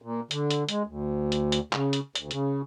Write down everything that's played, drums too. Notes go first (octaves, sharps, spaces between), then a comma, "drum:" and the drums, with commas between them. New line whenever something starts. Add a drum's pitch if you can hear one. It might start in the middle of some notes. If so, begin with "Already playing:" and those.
A#2
D3, drum: hi-hat
drum: hi-hat
G#3, drum: hi-hat
D2
drum: hi-hat
drum: hi-hat
C#3, drum: clap
drum: hi-hat
D2, drum: hi-hat
C#3, drum: hi-hat